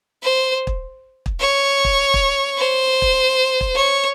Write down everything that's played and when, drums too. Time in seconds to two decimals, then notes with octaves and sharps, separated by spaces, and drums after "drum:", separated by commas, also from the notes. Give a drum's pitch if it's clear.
0.23 C5
0.67 drum: kick
1.26 drum: kick
1.40 C#5
1.84 drum: kick
2.14 drum: kick
2.58 C5
3.02 drum: kick
3.61 drum: kick
3.75 C#5